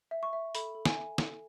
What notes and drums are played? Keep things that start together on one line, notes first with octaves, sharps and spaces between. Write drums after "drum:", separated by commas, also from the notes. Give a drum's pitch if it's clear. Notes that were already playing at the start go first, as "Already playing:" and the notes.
E5
C#6
E5
A4 B5, drum: hi-hat
A4
G#5, drum: snare
E5
A4, drum: snare